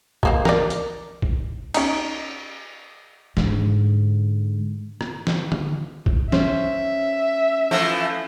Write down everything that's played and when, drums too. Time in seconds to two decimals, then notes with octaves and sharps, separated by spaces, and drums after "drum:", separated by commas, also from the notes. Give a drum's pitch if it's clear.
0.23 G#3 A#3 C5, drum: kick
0.45 A#4 D5, drum: snare
0.70 drum: hi-hat
1.22 drum: kick
1.74 C#4 D#4, drum: cymbal
3.37 G#2 D3, drum: snare
5.01 drum: rim click
5.27 drum: snare
5.52 drum: tom
6.06 drum: kick
6.32 C#4 C5 E5, drum: snare
7.71 E3 F3 A3